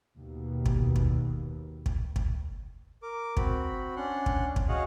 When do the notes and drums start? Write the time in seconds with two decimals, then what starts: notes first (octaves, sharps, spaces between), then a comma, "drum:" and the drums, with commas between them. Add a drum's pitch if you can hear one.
0.18 D#2 B2
0.66 drum: kick
0.96 drum: kick
1.86 drum: kick
2.16 drum: kick
3.03 A#4 D6
3.37 C4 F#4 B5, drum: kick
3.96 C#4 D4 F#5 C6
4.26 drum: kick
4.56 drum: kick
4.68 F#4 G#4 C#5 D#5 F5 F#5